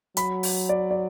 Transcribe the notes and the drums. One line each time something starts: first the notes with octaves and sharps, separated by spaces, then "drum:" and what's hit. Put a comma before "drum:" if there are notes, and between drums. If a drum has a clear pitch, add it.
F#3 B5, drum: hi-hat
drum: open hi-hat
D5
D5